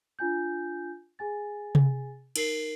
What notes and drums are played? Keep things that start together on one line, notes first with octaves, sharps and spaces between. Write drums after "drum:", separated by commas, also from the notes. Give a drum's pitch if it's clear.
D4 F4 G#5 G6
G#4 G#5 A6
drum: tom C3
D#4 A#4 C7 F#7, drum: cymbal